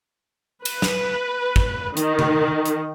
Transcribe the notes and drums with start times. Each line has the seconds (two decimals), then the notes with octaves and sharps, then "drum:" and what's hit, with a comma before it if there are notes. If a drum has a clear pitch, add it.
0.65 B4, drum: cymbal
0.82 drum: snare
1.56 drum: kick
1.97 D#3, drum: hi-hat
2.19 drum: tom C3
2.66 drum: hi-hat